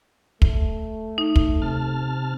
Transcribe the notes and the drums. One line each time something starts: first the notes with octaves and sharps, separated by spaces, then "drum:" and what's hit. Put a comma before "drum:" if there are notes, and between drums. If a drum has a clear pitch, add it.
A3, drum: kick
D#4
drum: kick
C3 A5 F6